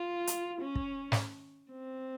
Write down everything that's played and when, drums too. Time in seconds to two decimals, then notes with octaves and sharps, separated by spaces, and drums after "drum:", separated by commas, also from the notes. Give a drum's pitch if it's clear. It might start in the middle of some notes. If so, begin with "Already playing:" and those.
Already playing: F4
0.27 drum: hi-hat
0.61 C#4
0.75 drum: kick
1.12 drum: snare
1.71 C4